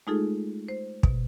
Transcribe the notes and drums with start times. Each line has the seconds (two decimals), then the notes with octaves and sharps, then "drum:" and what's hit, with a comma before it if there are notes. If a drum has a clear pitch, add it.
0.07 G#3 A3 D#4 F4 G#4 A4
0.69 C5
1.03 B2, drum: kick